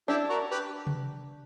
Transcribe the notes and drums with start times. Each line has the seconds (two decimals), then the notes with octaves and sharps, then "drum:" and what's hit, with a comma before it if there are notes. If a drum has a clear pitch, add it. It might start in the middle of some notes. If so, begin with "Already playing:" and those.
0.08 D4 E4 G4
0.29 F#4 A#4
0.51 G4 B4
0.87 drum: tom C3